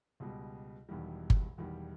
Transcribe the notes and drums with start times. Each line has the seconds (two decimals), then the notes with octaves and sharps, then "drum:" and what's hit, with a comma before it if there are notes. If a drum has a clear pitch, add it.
0.20 C#2 B2 G3
0.89 E1 E2 D#3 G3
1.30 drum: kick G1
1.58 E1 E2 D#3 G3